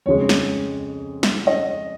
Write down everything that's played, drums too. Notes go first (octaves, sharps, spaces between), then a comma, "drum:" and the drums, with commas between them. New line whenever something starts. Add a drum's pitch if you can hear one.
F2 C#3 G#3 C#5
drum: snare
drum: snare
D#5